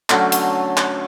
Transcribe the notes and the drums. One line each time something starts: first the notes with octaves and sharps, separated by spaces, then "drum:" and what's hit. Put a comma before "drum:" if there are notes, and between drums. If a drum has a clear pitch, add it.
D3 F#3 A3 C#4, drum: clap
drum: hi-hat
drum: clap